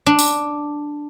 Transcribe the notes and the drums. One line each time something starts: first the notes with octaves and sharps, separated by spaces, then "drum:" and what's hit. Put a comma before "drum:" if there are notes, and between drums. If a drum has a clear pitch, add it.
D4
drum: tambourine